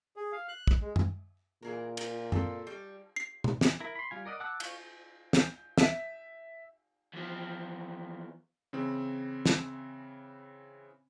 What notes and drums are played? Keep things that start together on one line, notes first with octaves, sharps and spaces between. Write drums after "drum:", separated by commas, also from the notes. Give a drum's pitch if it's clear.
G#4
F5
F#6
drum: kick
G#3
drum: tom F#2
A#2 E3 G#4 A#4
A#4, drum: cymbal
C4 A4, drum: tom F#2
G3
C7
drum: tom
drum: snare
E4 A#4
B5 C6
G3 F4 G#5
A#4 D5 D#5 F#5
F#5 A5 D6 E6 F#6
F5 C#6, drum: cymbal
G6, drum: snare
E5, drum: snare
E2 F3
C#3 E3 C4
drum: snare